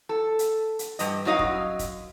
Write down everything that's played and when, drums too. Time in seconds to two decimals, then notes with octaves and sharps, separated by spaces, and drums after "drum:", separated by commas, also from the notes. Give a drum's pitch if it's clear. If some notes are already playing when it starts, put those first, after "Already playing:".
0.09 A4
0.39 drum: hi-hat
0.79 drum: hi-hat
0.99 G2 D#5, drum: hi-hat
1.25 F#2 F#3 D#4 D#5 F5
1.39 drum: kick
1.79 drum: kick, hi-hat